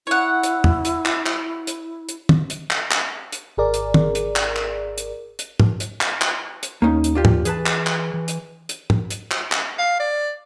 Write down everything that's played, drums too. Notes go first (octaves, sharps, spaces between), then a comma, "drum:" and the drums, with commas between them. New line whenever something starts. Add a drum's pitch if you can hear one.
E4 C#5 F#5
drum: hi-hat
drum: tom
drum: hi-hat
drum: clap
drum: clap
drum: hi-hat
drum: hi-hat
drum: tom
drum: hi-hat
drum: clap
drum: clap
drum: hi-hat
G#1 G#4 A#4 D5
drum: hi-hat
drum: tom
drum: hi-hat
drum: clap
drum: clap
drum: hi-hat
drum: hi-hat
drum: tom
drum: hi-hat
drum: clap
drum: clap
drum: hi-hat
D#2 A#3 C#4 D#4
drum: hi-hat
D4 F4 G4
drum: tom
E3 G#4 B4 A5, drum: hi-hat
drum: clap
drum: clap
E3
drum: hi-hat
drum: hi-hat
drum: tom
drum: hi-hat
drum: clap
drum: clap
F5
D5